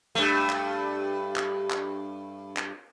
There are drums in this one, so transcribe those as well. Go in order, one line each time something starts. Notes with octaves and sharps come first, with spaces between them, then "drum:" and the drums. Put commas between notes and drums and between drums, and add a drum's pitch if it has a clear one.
G2 A3
drum: clap
drum: clap
drum: clap
drum: clap